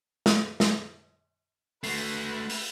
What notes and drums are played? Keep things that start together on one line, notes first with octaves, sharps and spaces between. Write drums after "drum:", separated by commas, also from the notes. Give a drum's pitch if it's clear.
drum: snare
drum: snare
A3 F#4 B4 C7, drum: open hi-hat
drum: open hi-hat